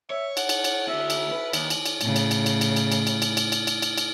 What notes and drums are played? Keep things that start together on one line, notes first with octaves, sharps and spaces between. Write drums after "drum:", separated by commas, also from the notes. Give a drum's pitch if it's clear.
C#5 E5
F#5, drum: cymbal
drum: cymbal
drum: cymbal
D3 F#4 E5
drum: cymbal
B4
D#2, drum: cymbal
drum: cymbal
drum: cymbal
A2 C#3, drum: cymbal
drum: cymbal
drum: cymbal
drum: cymbal
drum: cymbal
drum: cymbal
drum: cymbal
drum: cymbal
drum: cymbal
drum: cymbal
drum: cymbal
drum: cymbal
drum: cymbal
drum: cymbal